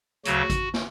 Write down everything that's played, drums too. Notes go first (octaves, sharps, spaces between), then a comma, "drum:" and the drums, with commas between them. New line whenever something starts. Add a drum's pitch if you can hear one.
D2 C#3 F#3 F#4, drum: hi-hat
drum: kick G#1, hi-hat
drum: snare